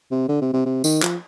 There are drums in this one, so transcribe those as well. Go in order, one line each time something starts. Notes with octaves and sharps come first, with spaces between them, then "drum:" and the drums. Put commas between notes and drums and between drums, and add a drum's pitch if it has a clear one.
C3
D3
C3
C3
C3
D#3, drum: tambourine
F3, drum: clap